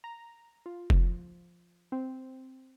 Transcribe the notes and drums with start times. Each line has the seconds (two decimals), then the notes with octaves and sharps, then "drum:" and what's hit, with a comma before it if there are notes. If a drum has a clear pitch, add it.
0.04 A#5
0.66 F4
0.90 F3, drum: kick F1
1.92 C4